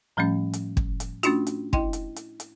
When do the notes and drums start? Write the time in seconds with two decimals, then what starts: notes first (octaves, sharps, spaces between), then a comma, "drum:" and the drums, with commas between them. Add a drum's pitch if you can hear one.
0.17 A2 F3 G3 A3 C#4
0.53 drum: hi-hat
0.77 drum: kick
1.00 drum: hi-hat
1.23 A3 C#4 D4 F4 F#4, drum: hi-hat
1.47 drum: hi-hat
1.73 E4 D#5 G5 C6, drum: kick
1.93 drum: hi-hat
2.16 drum: hi-hat
2.40 drum: hi-hat